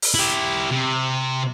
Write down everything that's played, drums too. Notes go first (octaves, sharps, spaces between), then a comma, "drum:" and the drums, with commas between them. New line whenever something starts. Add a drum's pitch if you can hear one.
drum: open hi-hat
E4 G4
C3